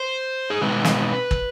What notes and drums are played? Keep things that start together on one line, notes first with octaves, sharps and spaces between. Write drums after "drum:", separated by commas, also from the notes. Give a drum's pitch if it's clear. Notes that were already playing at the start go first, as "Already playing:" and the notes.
Already playing: C5
G#4
B2 G#3 C4 D#4 B4
drum: snare
drum: kick